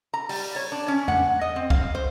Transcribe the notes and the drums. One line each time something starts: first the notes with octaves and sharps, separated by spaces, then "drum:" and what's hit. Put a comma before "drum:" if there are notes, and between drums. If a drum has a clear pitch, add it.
A#5
G3, drum: open hi-hat
C#5
D4
C#4
F#5, drum: tom E2
D#5
C4
F5, drum: kick
C5